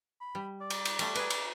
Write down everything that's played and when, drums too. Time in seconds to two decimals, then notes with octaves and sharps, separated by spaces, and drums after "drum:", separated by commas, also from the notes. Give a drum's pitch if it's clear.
0.21 B5
0.35 G3
0.61 D5
0.70 drum: cymbal
0.85 drum: cymbal
0.99 G3 A3, drum: cymbal
1.15 G#4 B4, drum: cymbal
1.30 drum: cymbal